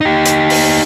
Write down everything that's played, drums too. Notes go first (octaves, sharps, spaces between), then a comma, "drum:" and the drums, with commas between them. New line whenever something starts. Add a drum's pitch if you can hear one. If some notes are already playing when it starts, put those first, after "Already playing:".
D#4 G4
drum: hi-hat
drum: open hi-hat